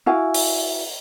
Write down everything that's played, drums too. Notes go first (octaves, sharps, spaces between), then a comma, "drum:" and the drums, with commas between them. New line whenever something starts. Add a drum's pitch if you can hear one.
E4 F#4 F5 G#5
drum: open hi-hat